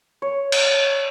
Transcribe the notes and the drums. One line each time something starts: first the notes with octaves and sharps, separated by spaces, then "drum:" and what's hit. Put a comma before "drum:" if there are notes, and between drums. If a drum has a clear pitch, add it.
C#5
drum: cymbal